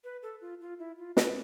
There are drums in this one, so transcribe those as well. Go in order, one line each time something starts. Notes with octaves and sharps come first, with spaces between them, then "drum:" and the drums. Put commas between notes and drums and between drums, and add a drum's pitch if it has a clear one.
B4
A4
F4
F4
E4
F4
B4, drum: snare